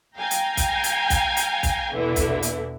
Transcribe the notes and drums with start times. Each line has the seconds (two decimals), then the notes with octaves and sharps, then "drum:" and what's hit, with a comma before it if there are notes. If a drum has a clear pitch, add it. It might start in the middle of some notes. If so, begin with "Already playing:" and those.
0.18 F5 G5 G#5 A#5
0.31 drum: hi-hat
0.57 drum: kick, hi-hat
0.84 drum: hi-hat
1.10 drum: kick, hi-hat
1.37 drum: hi-hat
1.63 drum: kick, hi-hat
1.94 E2 B2 D3 E3 E4
2.16 drum: kick, hi-hat
2.42 drum: hi-hat